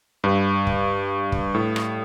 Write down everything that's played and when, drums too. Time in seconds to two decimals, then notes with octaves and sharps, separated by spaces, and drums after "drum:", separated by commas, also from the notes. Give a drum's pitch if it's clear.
0.24 G2
0.67 drum: kick
1.32 drum: kick
1.54 A2
1.76 drum: rim click